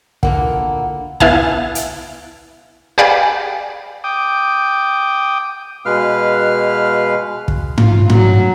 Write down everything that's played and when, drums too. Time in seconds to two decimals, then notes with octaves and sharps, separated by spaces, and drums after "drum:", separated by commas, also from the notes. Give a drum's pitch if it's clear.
0.23 D3 A#3 B3 E4 F4 A#4 F#5, drum: kick
1.20 B3 E4 F5 G#5 A5, drum: kick
1.75 drum: hi-hat
2.98 G4 G#4 B4 D5 F5 G#5
4.04 G5 D6 D#6
5.86 B2 G#3 B4 F5 F6
7.48 drum: kick
7.78 F4, drum: tom G#2
8.10 F#3, drum: tom G#2